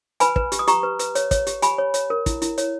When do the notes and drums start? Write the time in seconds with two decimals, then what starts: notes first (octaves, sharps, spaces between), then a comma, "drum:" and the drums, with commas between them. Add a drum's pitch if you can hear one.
0.20 B4 G#5 B5, drum: hi-hat
0.36 B4, drum: kick
0.52 G4, drum: hi-hat
0.59 D#6
0.68 G4 A#5 C#6, drum: hi-hat
0.83 B4
0.99 B4, drum: hi-hat
1.15 C#5, drum: hi-hat
1.31 C#5, drum: kick, hi-hat
1.47 G4, drum: hi-hat
1.62 G4 G#5 B5, drum: hi-hat
1.78 C#5
1.94 C#5, drum: hi-hat
2.10 A#4
2.26 E4, drum: kick, hi-hat
2.42 E4, drum: hi-hat
2.58 C#5, drum: hi-hat